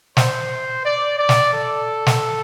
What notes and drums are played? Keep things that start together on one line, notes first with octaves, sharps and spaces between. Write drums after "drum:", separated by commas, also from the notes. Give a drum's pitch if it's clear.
C5, drum: snare
D5
D5
drum: snare
A4
drum: snare